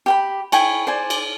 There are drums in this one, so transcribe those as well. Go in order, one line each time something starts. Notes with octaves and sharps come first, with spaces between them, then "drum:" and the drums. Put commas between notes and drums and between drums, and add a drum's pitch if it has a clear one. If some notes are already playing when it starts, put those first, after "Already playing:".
G4 G5 B5
E4 G5 G#5 C#6, drum: cymbal
C5 D5 G#5
drum: cymbal